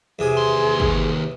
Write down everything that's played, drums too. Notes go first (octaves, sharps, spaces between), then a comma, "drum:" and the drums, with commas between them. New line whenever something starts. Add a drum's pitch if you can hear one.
E2 C3 G#4 D#6
D#2 C6
drum: kick